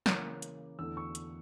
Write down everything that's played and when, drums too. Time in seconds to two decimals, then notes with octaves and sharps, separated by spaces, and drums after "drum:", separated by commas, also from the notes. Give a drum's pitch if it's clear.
0.06 C#3 E3 A#3 C#4 A#5 D6, drum: snare
0.42 drum: hi-hat
0.79 E2 D3 A3 E6
0.97 C#6 E6
1.15 drum: hi-hat